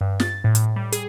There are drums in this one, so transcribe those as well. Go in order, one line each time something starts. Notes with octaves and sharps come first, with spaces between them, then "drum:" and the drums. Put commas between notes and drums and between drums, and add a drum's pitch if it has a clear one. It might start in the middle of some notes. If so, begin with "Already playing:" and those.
G2
A6, drum: snare
A2
drum: hi-hat
G3
G#4, drum: hi-hat